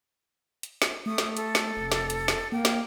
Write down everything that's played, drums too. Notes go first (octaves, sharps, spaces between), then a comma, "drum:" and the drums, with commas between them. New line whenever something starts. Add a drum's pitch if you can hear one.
drum: hi-hat
drum: snare
A3 D#6
drum: snare
A4, drum: hi-hat
drum: snare
F1
drum: snare
drum: hi-hat
drum: snare
A#3 G5
drum: snare